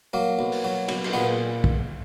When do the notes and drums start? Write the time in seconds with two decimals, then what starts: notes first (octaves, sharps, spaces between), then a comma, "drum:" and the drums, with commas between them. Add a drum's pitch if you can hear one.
0.13 F#3 A#3
0.39 B1
0.52 drum: open hi-hat
0.64 F#3
0.88 B1, drum: cymbal
1.04 drum: cymbal
1.13 A#2 B3
1.64 drum: kick